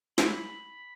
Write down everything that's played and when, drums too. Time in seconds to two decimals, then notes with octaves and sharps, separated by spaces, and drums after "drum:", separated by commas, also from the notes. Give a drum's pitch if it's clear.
0.18 B5, drum: snare